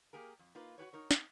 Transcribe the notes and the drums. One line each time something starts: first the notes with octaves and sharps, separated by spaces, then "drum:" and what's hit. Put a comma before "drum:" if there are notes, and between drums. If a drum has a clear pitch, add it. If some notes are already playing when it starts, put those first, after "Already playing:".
A#3 G4 G#4 A#4
F2
A#3 D#4 F4 B4
F#4 G4 B4 C#5
D#4 A#4 C#5
C4 D#4, drum: snare